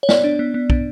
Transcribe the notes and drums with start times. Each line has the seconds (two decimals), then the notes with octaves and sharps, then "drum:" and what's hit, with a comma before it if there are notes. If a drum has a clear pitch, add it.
0.03 C#5
0.09 B3 D5, drum: snare
0.24 D4
0.39 B3
0.54 B3
0.70 D4, drum: kick